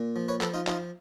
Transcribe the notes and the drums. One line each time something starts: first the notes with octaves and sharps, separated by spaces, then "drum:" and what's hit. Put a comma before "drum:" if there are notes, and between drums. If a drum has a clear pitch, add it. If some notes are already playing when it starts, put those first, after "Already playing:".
Already playing: A#2
F3
B4 C#5
F3 A4 B4, drum: clap
D#4 F4
F3 D#4 F4, drum: clap